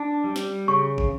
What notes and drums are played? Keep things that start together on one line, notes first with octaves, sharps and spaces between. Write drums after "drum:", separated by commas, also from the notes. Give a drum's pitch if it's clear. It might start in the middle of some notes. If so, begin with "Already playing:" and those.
Already playing: D4
G3
drum: snare
C#3 C#6
drum: kick